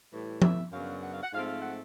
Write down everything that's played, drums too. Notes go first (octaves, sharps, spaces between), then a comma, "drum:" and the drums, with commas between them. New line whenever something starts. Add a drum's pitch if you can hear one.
A2 E3 G3
E5, drum: tom
F#2 C#3 F#3 B3 D4 F5
F#5
F5
F#5
G#2 F3 A3 C4 F5
F5
F#5